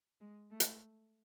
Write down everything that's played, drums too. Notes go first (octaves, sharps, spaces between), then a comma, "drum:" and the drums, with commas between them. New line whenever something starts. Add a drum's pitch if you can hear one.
G#3
A3
drum: hi-hat